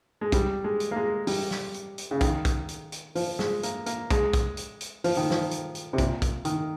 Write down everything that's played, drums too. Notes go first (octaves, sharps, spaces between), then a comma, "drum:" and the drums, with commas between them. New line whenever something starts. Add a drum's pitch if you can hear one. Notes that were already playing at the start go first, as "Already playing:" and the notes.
G#3
G3, drum: kick, hi-hat
G#3
drum: hi-hat
A#3
G#3
G3, drum: open hi-hat
drum: snare
drum: hi-hat
drum: hi-hat
C#3
D#3, drum: kick, hi-hat
drum: kick, hi-hat
drum: hi-hat
drum: hi-hat
F3, drum: open hi-hat
G#3, drum: snare
A#3, drum: hi-hat
A#3, drum: hi-hat
G#3, drum: kick, hi-hat
drum: kick, hi-hat
drum: hi-hat
drum: hi-hat
F3, drum: open hi-hat
D#3
F3, drum: snare
drum: hi-hat
drum: hi-hat
C3
A#2, drum: kick, hi-hat
drum: kick, hi-hat
D#3, drum: hi-hat